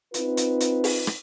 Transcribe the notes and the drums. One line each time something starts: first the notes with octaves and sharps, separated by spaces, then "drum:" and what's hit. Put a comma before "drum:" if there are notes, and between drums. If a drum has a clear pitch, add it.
C4 D#4 F4 B4, drum: hi-hat
drum: hi-hat
drum: hi-hat
drum: open hi-hat
drum: rim click